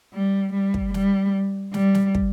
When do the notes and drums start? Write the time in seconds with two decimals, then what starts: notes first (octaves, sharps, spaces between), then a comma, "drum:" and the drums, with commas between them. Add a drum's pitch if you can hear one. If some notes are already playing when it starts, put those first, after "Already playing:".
0.14 G3
0.53 G3
0.74 drum: kick
0.94 G3, drum: snare
1.74 G3, drum: snare
1.95 drum: snare
2.15 drum: kick